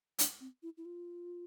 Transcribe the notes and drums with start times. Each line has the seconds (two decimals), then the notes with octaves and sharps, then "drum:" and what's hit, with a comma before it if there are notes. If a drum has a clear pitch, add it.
0.19 D4, drum: hi-hat
0.40 C4
0.63 E4
0.77 E4
0.85 F4